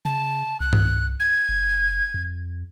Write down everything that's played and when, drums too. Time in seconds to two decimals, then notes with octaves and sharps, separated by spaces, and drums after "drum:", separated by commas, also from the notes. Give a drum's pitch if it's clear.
0.05 C#3 A5
0.60 C2 F#6
0.73 drum: tom G2
1.20 G#6
1.49 F#1
2.14 F2